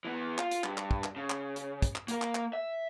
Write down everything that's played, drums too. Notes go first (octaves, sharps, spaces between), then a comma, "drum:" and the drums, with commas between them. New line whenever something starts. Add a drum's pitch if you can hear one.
E3 B3
F4, drum: clap
drum: hi-hat
G2, drum: clap
drum: clap
drum: kick
drum: clap
C#3
drum: clap
drum: hi-hat
drum: kick, hi-hat
drum: clap
A#3 A#4, drum: hi-hat
drum: clap
drum: clap
E5